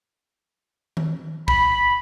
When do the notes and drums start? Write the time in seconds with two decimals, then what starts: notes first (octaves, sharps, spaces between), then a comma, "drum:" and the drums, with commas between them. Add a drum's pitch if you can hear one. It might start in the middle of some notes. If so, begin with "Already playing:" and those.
0.97 drum: tom D#3
1.48 B5, drum: kick